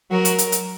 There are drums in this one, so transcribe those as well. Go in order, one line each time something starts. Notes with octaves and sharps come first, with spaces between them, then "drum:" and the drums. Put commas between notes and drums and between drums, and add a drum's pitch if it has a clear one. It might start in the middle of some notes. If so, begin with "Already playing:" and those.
F#3 F#4 A#4
drum: hi-hat
drum: hi-hat
drum: hi-hat